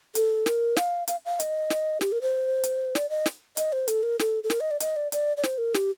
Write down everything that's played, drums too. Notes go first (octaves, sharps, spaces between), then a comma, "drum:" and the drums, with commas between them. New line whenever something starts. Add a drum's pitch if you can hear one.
A4, drum: hi-hat
A#4, drum: snare
F5, drum: snare
F5, drum: hi-hat
F5
D#5, drum: hi-hat
drum: snare
G4, drum: snare
A#4
C5
drum: hi-hat
D5, drum: snare
D#5
drum: snare
D#5, drum: hi-hat
C5
A4, drum: hi-hat
A#4
A4, drum: snare
A4
A#4, drum: snare
D#5
D5
D#5, drum: hi-hat
D5
D5, drum: hi-hat
D5
C5, drum: snare
A#4
G4, drum: snare